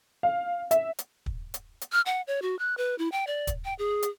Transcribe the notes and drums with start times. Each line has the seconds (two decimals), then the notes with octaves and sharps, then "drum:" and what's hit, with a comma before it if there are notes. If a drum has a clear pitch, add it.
0.23 F5
0.71 E5, drum: hi-hat
0.98 drum: hi-hat
1.26 drum: kick
1.54 drum: hi-hat
1.81 drum: hi-hat
1.92 F6
2.06 F#5
2.27 C#5
2.42 F#4
2.59 F#6
2.77 B4
2.99 E4
3.12 G5
3.27 D5
3.47 drum: kick, hi-hat
3.65 G5
3.79 G#4
4.03 drum: hi-hat